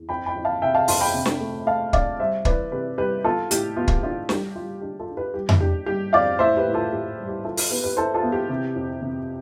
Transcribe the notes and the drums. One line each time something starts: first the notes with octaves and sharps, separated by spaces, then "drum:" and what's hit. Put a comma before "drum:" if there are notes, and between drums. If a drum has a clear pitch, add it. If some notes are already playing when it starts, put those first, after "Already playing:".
Already playing: E2
F2 G5 B5
G5 B5
F2
F5 A5
C3 E5 G5
F5 A5
F2 A5 C6, drum: open hi-hat
G5 B5
C3
drum: snare
A3
A3 F5 A5
D4 D5 F5, drum: kick
G3 C5 E5
E3 B4 D5, drum: kick
C3 G4 B4
G3 G4 B4
B3 F4 A4
A2 G4, drum: hi-hat
B3 F4
drum: kick
D4 F4
G3 G4, drum: snare
G3 F4
D4 G4
F4 A4
D4
G4 B4
G3 G4
drum: tom F2
D4 G4
G3 G4
F2 D5 F5
A2 C5 E5
G4 B4
A2
F4 A4
A2 G4
G3
G4
E4 F4 A4
F4 A4, drum: open hi-hat
B3 G4 B4
G4 B4
E4 A4 C5
F4 A4
B3
G4
C3
F2
C3